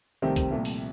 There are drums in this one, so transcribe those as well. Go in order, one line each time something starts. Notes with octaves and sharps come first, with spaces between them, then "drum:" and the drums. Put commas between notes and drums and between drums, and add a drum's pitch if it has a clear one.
C2 C3 D#3 A3 C4
drum: kick, hi-hat
C2 A#2 F3 A3
drum: open hi-hat